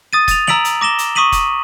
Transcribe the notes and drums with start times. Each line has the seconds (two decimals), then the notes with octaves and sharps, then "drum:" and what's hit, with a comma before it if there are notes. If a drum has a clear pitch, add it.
0.13 D#6 A6 D#7
0.28 A6 F7, drum: kick, hi-hat
0.47 A#5 E6 B6 D7 F7 F#7, drum: snare
0.65 drum: hi-hat
0.81 D6 A#6 E7 G7
0.98 drum: hi-hat
1.15 C#6 D#6 B6 D#7 F#7
1.32 drum: kick, hi-hat